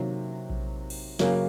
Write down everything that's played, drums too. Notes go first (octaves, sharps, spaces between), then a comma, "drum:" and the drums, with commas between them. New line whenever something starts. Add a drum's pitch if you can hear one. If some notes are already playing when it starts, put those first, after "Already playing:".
Already playing: C3 D#3 F#3 A#3
drum: kick A#1
drum: cymbal
F#2 C#3 F#3 A#3, drum: snare